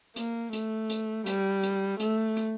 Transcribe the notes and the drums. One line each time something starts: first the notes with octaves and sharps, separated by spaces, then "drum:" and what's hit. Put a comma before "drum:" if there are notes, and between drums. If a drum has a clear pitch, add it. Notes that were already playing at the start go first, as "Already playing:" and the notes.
A#3, drum: hi-hat
A3, drum: hi-hat
drum: hi-hat
G3, drum: hi-hat
drum: hi-hat
A3, drum: hi-hat
drum: hi-hat